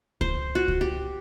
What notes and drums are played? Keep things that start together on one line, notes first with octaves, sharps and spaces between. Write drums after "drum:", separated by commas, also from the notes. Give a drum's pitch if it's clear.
C5, drum: kick C#2
F#4
drum: kick C#2
G4